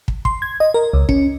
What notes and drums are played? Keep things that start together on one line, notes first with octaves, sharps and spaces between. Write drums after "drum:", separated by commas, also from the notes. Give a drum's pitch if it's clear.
drum: kick
C6, drum: kick
G#6
D#5
A#4
C#2
C#4, drum: kick